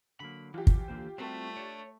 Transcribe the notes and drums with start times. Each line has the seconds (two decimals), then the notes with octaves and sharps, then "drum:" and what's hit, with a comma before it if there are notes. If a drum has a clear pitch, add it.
0.20 D3 F#3 A#3 B5
0.54 E3 F#3 F4 G4
0.67 drum: kick
0.88 D3 A#3 C5
1.18 G3 A3 C4 F#4 C5
1.57 D4 C#5 D5